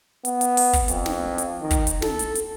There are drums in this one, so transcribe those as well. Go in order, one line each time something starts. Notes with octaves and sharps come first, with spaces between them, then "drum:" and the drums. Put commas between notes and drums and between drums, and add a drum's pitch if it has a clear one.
B3, drum: hi-hat
drum: hi-hat
drum: open hi-hat
drum: kick, hi-hat
F2, drum: hi-hat
drum: snare
drum: hi-hat
D#3
drum: kick, hi-hat
drum: hi-hat
A4, drum: snare
drum: hi-hat
drum: hi-hat